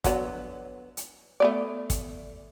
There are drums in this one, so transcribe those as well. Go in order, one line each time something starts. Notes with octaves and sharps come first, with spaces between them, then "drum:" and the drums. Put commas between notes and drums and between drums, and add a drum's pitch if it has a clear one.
D3 F#3 B3, drum: kick, hi-hat
drum: hi-hat
A3 B3 D5
drum: kick, hi-hat